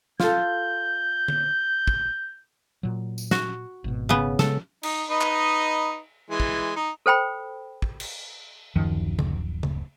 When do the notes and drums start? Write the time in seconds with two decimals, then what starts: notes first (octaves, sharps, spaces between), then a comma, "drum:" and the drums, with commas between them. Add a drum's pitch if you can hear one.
0.20 F4 A4 G6, drum: snare
1.28 drum: tom
1.87 drum: kick
2.83 A#2 F#3
3.18 drum: tambourine
3.31 F#4, drum: snare
3.84 G#1 B2
4.09 C#3 B3
4.39 C#3 G#3 A4, drum: snare
4.83 D#4, drum: cymbal
5.10 D#4 B4 D#5
5.21 drum: clap
6.30 E3 G#3
6.40 drum: kick
6.76 D#4
7.06 A4 C5 G5 B5
7.82 drum: kick
8.00 drum: cymbal
8.76 D1 F#2 D#3 F3
9.19 drum: tom C#3
9.63 drum: tom C#3